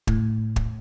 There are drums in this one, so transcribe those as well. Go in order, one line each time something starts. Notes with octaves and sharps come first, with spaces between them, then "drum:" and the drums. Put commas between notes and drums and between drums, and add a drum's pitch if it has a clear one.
A2, drum: kick
drum: kick